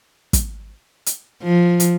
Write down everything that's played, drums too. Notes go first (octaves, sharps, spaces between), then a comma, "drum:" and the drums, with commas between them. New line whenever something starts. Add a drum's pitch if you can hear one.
drum: kick, hi-hat
drum: hi-hat
F3
drum: hi-hat